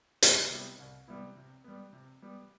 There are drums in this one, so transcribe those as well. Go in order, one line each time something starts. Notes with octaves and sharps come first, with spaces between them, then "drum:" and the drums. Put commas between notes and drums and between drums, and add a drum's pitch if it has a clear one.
C2, drum: hi-hat
C3 G3 B3 E4
C2
C3 G3 B3 E4
C3
G3 B3
C3
G3 B3